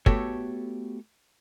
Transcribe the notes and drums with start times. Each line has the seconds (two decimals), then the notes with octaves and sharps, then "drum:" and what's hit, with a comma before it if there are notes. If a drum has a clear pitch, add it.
0.06 A3 B3 F#4 G4 A4 C#5, drum: kick